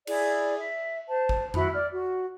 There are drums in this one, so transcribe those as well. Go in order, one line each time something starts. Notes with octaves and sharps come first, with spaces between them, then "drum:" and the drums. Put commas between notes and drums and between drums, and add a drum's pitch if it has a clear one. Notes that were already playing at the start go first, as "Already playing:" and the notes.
E4 G#4 D5, drum: cymbal
E5
C5 A5
drum: kick G#1
E4 F#4 B5, drum: tom F2
D5 F6
F#4